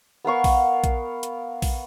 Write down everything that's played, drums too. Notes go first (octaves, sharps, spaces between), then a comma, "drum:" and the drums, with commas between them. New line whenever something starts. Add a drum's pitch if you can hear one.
B3 A#4 F5 C#6
drum: kick A#1, open hi-hat
drum: kick A#1, hi-hat
drum: hi-hat
drum: kick A#1, open hi-hat